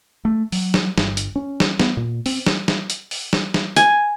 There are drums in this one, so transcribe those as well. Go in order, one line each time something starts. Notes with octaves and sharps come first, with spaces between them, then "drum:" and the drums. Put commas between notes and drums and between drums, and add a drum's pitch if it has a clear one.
A3
F#3, drum: open hi-hat
drum: snare
G1, drum: snare
drum: hi-hat
C#4
drum: snare
B3, drum: snare
A#2
C4, drum: open hi-hat
drum: snare
drum: snare
drum: hi-hat
drum: open hi-hat
drum: snare
drum: snare
G#5, drum: hi-hat